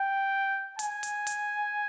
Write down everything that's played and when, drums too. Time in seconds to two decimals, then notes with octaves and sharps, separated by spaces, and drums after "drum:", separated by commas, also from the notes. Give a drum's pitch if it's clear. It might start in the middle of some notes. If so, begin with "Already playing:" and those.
Already playing: G5
0.79 G#5, drum: hi-hat
1.03 drum: hi-hat
1.27 drum: hi-hat